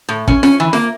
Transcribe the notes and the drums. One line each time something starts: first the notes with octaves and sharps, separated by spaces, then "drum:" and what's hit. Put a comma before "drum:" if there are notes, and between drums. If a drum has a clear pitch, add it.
A2
C#4, drum: kick
C#4, drum: snare F4
E3
A#3, drum: snare F4